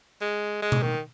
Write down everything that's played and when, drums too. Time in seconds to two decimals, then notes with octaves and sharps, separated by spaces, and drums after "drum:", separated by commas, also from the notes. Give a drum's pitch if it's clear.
0.21 G#3
0.62 G#3
0.72 drum: tom B2
0.82 D#3